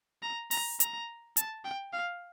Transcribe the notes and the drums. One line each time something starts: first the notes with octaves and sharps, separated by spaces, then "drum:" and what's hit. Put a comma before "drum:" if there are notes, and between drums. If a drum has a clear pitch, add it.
A#5
A#5, drum: open hi-hat
A#5, drum: hi-hat
A5, drum: hi-hat
G5
F5